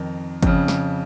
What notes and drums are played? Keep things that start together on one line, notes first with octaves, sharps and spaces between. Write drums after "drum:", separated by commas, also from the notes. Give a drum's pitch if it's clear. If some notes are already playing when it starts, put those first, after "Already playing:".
Already playing: F2 D#3
F2 C#3, drum: kick G1, hi-hat
drum: snare